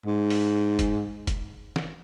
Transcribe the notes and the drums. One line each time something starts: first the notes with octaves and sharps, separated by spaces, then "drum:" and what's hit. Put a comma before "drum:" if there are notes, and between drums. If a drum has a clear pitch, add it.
G#2
drum: open hi-hat
drum: kick, hi-hat
drum: kick, hi-hat
drum: snare